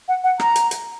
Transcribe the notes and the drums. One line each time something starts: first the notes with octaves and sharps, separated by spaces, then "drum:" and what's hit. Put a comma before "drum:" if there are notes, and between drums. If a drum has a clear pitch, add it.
F#5
F#5
A#5, drum: rim click
drum: hi-hat
drum: hi-hat